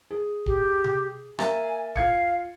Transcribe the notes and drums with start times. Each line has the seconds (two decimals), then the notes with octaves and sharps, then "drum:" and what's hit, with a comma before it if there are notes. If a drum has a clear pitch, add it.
0.11 G#4
0.46 G4, drum: kick
0.84 drum: tom C3
1.39 A#3 E5 G#5 A6, drum: rim click
1.96 F4 F5 G#6 C#7, drum: kick